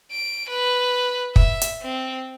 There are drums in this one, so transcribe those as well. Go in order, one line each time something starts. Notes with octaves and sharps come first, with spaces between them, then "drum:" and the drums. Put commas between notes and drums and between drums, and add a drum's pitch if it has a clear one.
D7
B4
E5, drum: kick
drum: hi-hat
C4